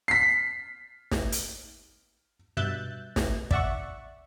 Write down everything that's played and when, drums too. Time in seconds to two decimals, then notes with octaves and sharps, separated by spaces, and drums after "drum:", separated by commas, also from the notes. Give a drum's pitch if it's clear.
0.08 B6 C7
1.11 drum: snare
1.32 drum: hi-hat
2.57 G2 B2 E5 F#6 G6 A6
3.16 drum: snare
3.51 D5 E5 F#5 C#6, drum: kick